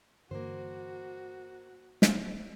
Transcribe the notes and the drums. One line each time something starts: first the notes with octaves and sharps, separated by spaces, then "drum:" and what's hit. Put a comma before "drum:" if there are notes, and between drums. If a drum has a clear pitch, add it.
G2 D3 E3 A#3 F#4 C5
drum: snare